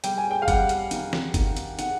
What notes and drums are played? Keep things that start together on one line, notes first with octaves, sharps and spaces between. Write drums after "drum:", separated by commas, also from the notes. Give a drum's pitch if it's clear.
G3 G5, drum: hi-hat
G#5
G5
F5
G3 F#5, drum: kick G1, hi-hat
drum: hi-hat
D#3, drum: hi-hat
drum: snare
D#3, drum: kick G1, hi-hat
drum: hi-hat
D#3 F#5, drum: hi-hat